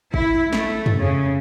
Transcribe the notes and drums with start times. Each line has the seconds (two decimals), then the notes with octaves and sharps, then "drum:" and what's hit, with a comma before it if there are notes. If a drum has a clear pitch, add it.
0.14 E4, drum: kick G#1
0.53 A3, drum: snare
0.86 drum: tom
1.01 C#3